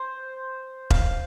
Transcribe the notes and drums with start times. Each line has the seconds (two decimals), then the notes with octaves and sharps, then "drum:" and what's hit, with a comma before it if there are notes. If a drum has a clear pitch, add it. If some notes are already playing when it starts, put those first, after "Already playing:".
Already playing: C5
0.90 F5, drum: kick E1